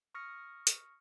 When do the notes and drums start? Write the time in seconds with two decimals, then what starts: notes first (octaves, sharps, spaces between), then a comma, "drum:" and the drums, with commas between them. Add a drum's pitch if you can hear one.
0.14 C#6 D#6 F6 A#6 C#7
0.67 drum: hi-hat